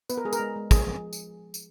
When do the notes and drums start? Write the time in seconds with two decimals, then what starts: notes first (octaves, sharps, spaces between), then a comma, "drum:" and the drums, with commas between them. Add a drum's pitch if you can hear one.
0.10 B3 B4, drum: tambourine
0.18 A#4
0.25 G#3 G#4
0.33 A#4, drum: tambourine
0.40 G#3
0.56 G#3
0.71 F3 G#4, drum: kick, tambourine
0.87 F3
1.13 drum: tambourine
1.54 drum: tambourine